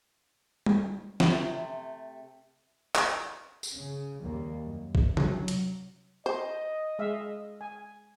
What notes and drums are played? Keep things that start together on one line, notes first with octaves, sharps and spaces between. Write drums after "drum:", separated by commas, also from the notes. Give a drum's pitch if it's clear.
drum: tom G3
C3 A3, drum: snare
drum: clap
drum: tambourine
C#3
D#2 G3 A#3
F#2
drum: kick A#1
F#3, drum: tom C3
drum: hi-hat
C5 D#5
G#3 E5 F5
G#5